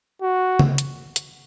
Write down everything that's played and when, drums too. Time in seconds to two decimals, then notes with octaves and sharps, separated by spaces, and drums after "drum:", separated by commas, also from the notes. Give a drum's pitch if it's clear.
0.22 F#4
0.59 drum: tom C#3
0.78 drum: hi-hat
1.16 drum: hi-hat